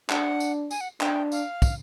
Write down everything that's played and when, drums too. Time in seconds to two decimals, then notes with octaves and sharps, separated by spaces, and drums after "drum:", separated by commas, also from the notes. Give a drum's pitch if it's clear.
0.09 D4 F#5, drum: clap
0.40 drum: tambourine
0.71 G#5, drum: tambourine
0.81 F#5
1.00 D4 G5, drum: clap
1.32 F5, drum: tambourine
1.62 drum: kick, tambourine